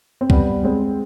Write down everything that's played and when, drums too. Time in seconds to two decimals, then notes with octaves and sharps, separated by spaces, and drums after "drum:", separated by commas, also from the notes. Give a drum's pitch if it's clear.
0.21 C4
0.30 G3 B3, drum: kick C2
0.64 G#3 C4